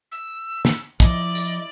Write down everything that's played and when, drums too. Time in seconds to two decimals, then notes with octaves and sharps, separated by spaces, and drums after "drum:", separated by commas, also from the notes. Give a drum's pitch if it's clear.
0.12 E6
0.65 drum: snare
1.00 F3 E4 D5 D#5, drum: kick
1.35 drum: tambourine